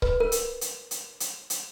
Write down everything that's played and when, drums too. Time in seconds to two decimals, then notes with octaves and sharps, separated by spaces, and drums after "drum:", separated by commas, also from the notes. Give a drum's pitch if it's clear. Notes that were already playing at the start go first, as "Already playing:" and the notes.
0.02 B4, drum: kick C#1
0.20 A#4
0.32 drum: hi-hat
0.61 drum: hi-hat
0.91 drum: hi-hat
1.20 drum: hi-hat
1.50 drum: hi-hat